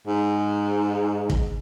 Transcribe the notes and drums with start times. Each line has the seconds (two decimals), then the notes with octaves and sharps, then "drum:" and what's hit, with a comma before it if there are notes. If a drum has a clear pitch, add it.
0.07 G#2
1.30 drum: kick